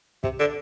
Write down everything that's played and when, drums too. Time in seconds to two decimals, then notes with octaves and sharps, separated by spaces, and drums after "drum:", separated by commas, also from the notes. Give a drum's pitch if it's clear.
0.24 C3, drum: kick
0.40 D3